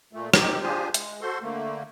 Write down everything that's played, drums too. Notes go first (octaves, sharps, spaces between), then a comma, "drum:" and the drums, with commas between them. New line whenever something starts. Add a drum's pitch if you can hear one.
A#2 A3
B2 C4 D#4 G4, drum: rim click
D4 F4 G4 G#4 C5 G#5
G#3, drum: hi-hat
F#4 A4 C5 C6
D3 A3 A#3